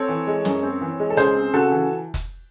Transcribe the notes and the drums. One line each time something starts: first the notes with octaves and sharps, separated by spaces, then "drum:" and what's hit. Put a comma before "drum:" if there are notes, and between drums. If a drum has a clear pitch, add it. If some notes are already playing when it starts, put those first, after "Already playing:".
Already playing: C4 A4 C#5
E3
G#3
F#2, drum: snare
C4
E3
G#3
A4
C#2 G#4 C5, drum: hi-hat
C4
C#3 F#4 A4
E3
drum: kick F1, hi-hat